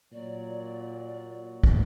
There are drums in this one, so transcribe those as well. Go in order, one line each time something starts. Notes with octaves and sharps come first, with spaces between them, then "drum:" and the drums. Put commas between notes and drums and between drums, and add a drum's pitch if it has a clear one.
A#2 F#3 D5
drum: kick